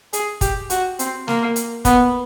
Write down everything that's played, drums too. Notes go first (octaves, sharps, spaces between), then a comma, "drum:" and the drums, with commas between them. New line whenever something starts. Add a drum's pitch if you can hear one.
G#4, drum: hi-hat
G4, drum: kick, hi-hat
F#4, drum: hi-hat
C4, drum: hi-hat
A#3, drum: snare
drum: hi-hat
B3, drum: kick, hi-hat